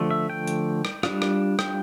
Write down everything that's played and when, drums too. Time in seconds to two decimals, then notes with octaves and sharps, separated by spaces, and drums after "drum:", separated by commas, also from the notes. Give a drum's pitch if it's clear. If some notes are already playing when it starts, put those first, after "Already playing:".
Already playing: D3 F3 A3
0.11 E5
0.30 G5
0.47 drum: hi-hat
0.85 drum: rim click
1.03 G3 D4 F4, drum: rim click
1.22 drum: rim click
1.59 G5, drum: rim click